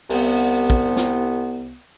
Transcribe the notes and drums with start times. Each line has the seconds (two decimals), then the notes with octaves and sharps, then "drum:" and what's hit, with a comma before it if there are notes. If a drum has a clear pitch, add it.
0.10 C2 B3, drum: open hi-hat
0.70 drum: kick
0.96 drum: snare